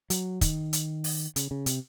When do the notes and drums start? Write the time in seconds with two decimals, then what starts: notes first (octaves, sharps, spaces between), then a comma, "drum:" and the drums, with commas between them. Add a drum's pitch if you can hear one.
0.10 F#3, drum: hi-hat
0.41 D#3, drum: kick, hi-hat
0.73 drum: hi-hat
1.04 drum: open hi-hat
1.36 C#3, drum: hi-hat
1.51 C#3
1.66 C3, drum: hi-hat